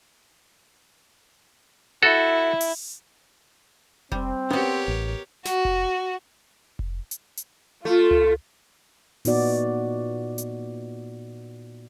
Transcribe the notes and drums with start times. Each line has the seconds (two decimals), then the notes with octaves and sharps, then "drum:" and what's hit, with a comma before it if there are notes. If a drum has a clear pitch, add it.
2.03 E4 F#4 A4
2.61 drum: open hi-hat
4.12 G3 C4, drum: kick F1
4.50 B3 F#4 G4 A#4 C#5, drum: tom C#4
4.88 A1
5.45 F#4, drum: snare
5.65 drum: kick F1
6.79 drum: kick F1
7.11 drum: hi-hat
7.37 drum: hi-hat
7.85 A3 F4
8.11 drum: tom C#2
9.25 A#2 B3 D#4 F#4 D5, drum: open hi-hat
10.38 drum: hi-hat